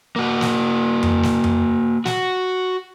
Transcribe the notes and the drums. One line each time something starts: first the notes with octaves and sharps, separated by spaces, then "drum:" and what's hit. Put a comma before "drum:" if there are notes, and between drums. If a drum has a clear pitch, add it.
A#3 F#4
drum: snare
drum: tom F2
drum: snare
drum: tom F2
F#4, drum: snare